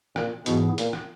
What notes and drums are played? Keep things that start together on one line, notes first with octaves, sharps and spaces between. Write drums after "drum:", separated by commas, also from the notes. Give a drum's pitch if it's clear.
A#2, drum: rim click
G#2 B2 E3 B3 E4 G#4, drum: hi-hat
A#2, drum: hi-hat
drum: rim click